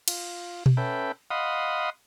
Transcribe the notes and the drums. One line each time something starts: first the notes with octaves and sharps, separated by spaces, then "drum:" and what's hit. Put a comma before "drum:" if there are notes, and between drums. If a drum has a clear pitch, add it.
F4, drum: cymbal
drum: tom B2
C#4 A4 B4 E5 G5
D#5 F5 F#5 B5 C6 D#6